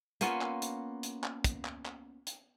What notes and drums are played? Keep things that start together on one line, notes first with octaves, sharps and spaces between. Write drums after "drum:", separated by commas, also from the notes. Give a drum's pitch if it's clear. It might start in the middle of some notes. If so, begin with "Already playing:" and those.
A#3 B3 C#4 F4, drum: hi-hat
drum: clap
drum: hi-hat
drum: hi-hat
drum: clap
drum: kick, hi-hat
drum: clap
drum: clap
drum: hi-hat